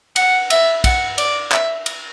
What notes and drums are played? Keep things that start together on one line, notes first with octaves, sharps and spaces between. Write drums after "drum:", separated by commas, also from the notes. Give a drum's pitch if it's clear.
F#5, drum: cymbal
E5, drum: cymbal
F#5, drum: kick, cymbal
D5, drum: cymbal
E5, drum: clap
drum: cymbal